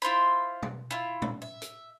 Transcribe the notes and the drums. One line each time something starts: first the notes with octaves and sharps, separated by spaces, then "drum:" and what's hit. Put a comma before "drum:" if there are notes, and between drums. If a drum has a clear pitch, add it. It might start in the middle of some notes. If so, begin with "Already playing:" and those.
E4 F4 C5 B5
drum: tom B2
E4 F4
drum: tom A#2
E5
drum: hi-hat